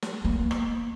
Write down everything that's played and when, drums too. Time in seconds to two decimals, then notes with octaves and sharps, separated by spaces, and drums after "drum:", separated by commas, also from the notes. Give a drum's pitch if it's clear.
0.02 drum: snare
0.25 A#3 B3
0.51 drum: rim click